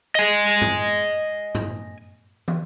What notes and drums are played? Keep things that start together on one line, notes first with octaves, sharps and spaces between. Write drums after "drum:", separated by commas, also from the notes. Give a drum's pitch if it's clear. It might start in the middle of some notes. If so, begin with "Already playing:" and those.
D#5 G#5
drum: tom G2
drum: tom G2
drum: tom